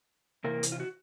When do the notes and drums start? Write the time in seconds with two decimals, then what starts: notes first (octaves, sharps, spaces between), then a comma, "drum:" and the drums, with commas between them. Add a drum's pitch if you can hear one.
0.44 C3 E3 A#3 A#4
0.63 drum: hi-hat
0.72 F4
0.80 F#4